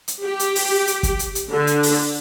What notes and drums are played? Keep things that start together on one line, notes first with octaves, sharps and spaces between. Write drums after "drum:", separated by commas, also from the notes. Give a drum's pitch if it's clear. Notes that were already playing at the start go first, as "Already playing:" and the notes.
drum: hi-hat
G4
drum: hi-hat
drum: open hi-hat
drum: hi-hat
drum: kick, hi-hat
drum: hi-hat
drum: hi-hat
D3
drum: hi-hat
drum: open hi-hat